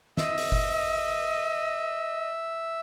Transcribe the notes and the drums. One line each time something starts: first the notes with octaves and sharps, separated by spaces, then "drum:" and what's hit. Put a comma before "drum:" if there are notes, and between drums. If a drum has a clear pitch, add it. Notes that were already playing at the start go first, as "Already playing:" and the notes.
D#5 E5, drum: snare
drum: open hi-hat
drum: kick F#1